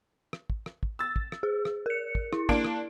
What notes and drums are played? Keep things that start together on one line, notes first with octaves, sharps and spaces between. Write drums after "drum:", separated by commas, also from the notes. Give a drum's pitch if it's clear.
drum: rim click
drum: kick
drum: rim click
drum: kick
E6 A6
drum: kick
drum: rim click
G#4
drum: rim click
A#4 C#7
drum: kick
E4, drum: rim click
A#3 D4 D7, drum: kick
drum: rim click